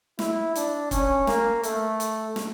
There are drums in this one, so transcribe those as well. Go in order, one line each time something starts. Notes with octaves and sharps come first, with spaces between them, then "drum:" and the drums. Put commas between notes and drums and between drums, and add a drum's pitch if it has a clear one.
E4, drum: snare
D4, drum: hi-hat
C#4, drum: kick, hi-hat
A#3, drum: snare
A3, drum: hi-hat
drum: hi-hat
drum: snare